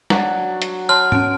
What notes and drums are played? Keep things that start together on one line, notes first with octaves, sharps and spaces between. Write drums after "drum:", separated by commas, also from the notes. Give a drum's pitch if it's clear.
F#3 D4, drum: snare
drum: hi-hat
C#5 A5 C6 F6
C#4 A5 D7, drum: tom G#2